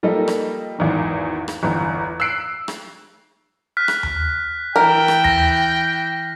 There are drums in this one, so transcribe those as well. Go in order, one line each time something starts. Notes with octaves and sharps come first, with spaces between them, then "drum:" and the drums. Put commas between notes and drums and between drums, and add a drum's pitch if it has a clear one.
F3 G3 A#3 D#4 A4 D#5
drum: rim click
G#1 E2 D#3
drum: rim click
G1 E2
E6 F#6 C7 D7
drum: rim click
F6 F#6 B6
drum: rim click
drum: tom D#2
E3 A#4 G5
drum: rim click
A#6, drum: tom D#2